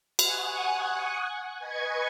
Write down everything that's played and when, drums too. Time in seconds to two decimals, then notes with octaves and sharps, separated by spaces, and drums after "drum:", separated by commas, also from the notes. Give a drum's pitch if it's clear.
0.19 F#5 G#5 C#6 D#6 F#6, drum: cymbal
1.59 B4 D#5 G#5 C#6 G#6